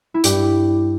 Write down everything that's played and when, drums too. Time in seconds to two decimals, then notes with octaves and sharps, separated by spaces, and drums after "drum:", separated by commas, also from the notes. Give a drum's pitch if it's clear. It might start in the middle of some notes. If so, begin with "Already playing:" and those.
0.14 E4
0.24 G2 G4, drum: hi-hat